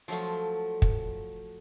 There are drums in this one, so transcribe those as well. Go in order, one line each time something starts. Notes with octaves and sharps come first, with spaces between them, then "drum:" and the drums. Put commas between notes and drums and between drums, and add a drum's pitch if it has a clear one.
F3 F#3 A3 F4
drum: kick